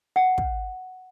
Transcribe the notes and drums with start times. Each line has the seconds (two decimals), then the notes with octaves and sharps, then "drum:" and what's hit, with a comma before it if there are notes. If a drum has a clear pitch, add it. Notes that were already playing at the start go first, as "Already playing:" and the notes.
0.16 F#5
0.38 drum: kick